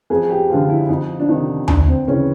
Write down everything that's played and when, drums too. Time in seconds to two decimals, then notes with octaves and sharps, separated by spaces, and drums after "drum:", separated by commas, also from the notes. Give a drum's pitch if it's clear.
0.10 F2 G#4
0.29 G4
0.49 D3 F3 F4
0.69 E4
0.89 F2 D#4
1.20 D4
1.28 C3 D#3 D#4
1.68 D2 D4, drum: tom D#2
1.88 C4
2.08 C#3 E3 C#4